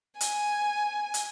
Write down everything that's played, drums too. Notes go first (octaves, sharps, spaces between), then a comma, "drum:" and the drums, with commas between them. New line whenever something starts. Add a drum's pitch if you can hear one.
G#5, drum: hi-hat
drum: hi-hat